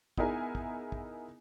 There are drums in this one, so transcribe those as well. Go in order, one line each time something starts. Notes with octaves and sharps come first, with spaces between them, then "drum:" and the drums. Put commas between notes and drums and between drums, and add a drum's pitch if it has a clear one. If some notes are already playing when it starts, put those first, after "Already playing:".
B3 D#4 E4 G#4 A#4 G#5, drum: kick
drum: kick
drum: kick